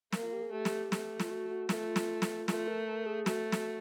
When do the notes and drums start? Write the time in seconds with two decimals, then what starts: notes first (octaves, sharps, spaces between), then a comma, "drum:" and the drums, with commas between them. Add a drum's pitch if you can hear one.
0.12 A#3, drum: snare
0.23 F4
0.33 G4
0.42 G#4
0.52 A3 G4
0.65 drum: snare
0.92 A3, drum: snare
1.20 F4, drum: snare
1.31 F#4
1.50 F#4
1.69 A3 F4, drum: snare
1.96 drum: snare
2.22 drum: snare
2.48 A3 F4, drum: snare
2.68 A#4
2.87 A#4
3.06 G#4
3.26 A3 F#4, drum: snare
3.52 drum: snare